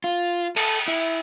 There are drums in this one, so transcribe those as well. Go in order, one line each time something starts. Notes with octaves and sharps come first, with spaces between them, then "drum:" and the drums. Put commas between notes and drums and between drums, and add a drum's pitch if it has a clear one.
F4
A4, drum: cymbal
E4